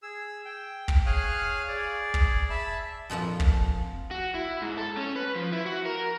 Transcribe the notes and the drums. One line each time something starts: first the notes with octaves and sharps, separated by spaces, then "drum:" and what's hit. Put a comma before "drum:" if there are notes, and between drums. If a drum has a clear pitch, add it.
G#4 E6
G5
drum: kick
G#4 C#5 F5 D#6 F6 F#6
G#4 D5
drum: kick
E5 A5 B5
F2 A#2 F3 F#5
drum: kick
F#4
E4
G#2
A4
C#4
B4
F3
E4
F#4
A#4